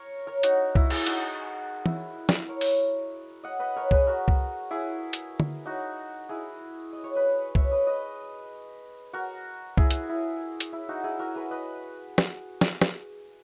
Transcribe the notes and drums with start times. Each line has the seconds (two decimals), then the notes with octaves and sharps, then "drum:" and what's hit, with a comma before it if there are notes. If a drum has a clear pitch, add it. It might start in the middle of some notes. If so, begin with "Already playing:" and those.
Already playing: A#4 C#5
0.27 A#4 C#5
0.43 D#4 F#4, drum: hi-hat
0.75 E4, drum: kick C2
0.90 E4 G#4, drum: cymbal
1.07 D#4 F#4, drum: hi-hat
1.86 E4, drum: tom
2.29 drum: snare
2.49 A#4 C#5
2.61 drum: open hi-hat
3.44 D#5 F#5
3.59 B4 D#5
3.76 A#4 C#5
3.91 G#4 B4, drum: kick C2
4.07 F#4 A#4
4.28 drum: kick C2
4.71 E4 G#4
5.13 drum: hi-hat
5.40 drum: tom
5.65 D#4 F#4
6.29 E4 G#4
6.93 D#5
7.04 C#5
7.15 B4 D#5
7.55 C#5 E5, drum: kick C2
7.71 B4 D#5
7.87 B4 D#5
9.13 F#4 A#4
9.77 E4 G#4, drum: kick C2
9.91 drum: hi-hat
10.09 E4
10.60 drum: hi-hat
10.73 E4
10.89 D#4 F#4
11.04 E4 G#4
11.19 F#4 A#4
11.35 G#4 B4
11.51 B4 D#5
12.18 drum: snare
12.61 drum: snare
12.81 drum: snare